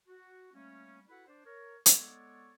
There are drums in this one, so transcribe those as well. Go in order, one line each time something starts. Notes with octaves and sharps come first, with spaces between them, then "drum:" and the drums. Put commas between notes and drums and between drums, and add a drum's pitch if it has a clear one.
F#4
G3 A3 A#3 C#4
E4 F#4 A4 B4 F#5 B5
D4 C5 D5
A#4 C#5
G#3 B3 A4 C#5 D5 C#6, drum: hi-hat